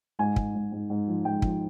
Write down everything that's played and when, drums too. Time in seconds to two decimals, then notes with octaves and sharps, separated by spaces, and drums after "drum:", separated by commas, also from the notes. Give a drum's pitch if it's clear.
0.19 G#2 G#5
0.36 G#2, drum: kick
0.55 G#2
0.72 G#2
0.90 G#2
1.08 F3
1.25 G#2 G5
1.42 F3, drum: kick